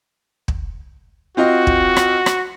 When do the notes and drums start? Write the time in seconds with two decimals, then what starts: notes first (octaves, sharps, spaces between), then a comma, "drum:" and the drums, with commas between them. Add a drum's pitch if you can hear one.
0.48 drum: kick
1.37 C4 F4 F#4 D#5
1.67 drum: kick
1.96 drum: rim click
2.26 drum: rim click